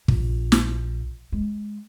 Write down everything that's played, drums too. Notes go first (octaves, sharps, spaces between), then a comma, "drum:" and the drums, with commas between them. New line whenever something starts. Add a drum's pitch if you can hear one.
A#1, drum: kick
drum: snare
G#3